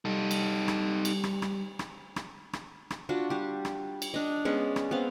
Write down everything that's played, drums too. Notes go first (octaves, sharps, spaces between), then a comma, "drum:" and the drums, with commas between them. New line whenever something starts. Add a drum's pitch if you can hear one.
G3 D#4 A4
drum: cymbal
drum: rim click
drum: cymbal
drum: rim click
drum: rim click
drum: rim click
drum: rim click
drum: rim click
drum: rim click
D4 F4 F#4
G3 G4
drum: rim click
drum: cymbal
D4 D#5
G#3 B3 C#4 D5
drum: rim click
B3 C4 F5